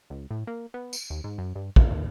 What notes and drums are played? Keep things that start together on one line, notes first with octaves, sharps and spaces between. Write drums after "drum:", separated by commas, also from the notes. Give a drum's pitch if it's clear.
C#2
A2
A#3
B3
drum: tambourine
D#2
G#2
F#2
G2
A#2, drum: kick
D#2